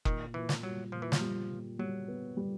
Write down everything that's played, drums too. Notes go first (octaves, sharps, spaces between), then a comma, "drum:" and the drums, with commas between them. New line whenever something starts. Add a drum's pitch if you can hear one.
A#2 D#3, drum: kick
A#2 E3
drum: snare
F#3 G3
A#2 F3
E3
F3, drum: snare
G3
A#2
F#3 G3
B3
G3